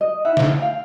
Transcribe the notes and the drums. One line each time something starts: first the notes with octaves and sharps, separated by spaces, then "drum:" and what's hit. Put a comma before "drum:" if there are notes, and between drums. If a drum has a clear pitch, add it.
D#5
D#4 E4 E5 F#5
drum: snare
F5 G5